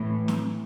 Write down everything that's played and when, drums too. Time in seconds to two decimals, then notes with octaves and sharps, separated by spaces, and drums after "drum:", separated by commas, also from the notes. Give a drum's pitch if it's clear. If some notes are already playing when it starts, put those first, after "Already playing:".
Already playing: A2 E3
0.28 drum: snare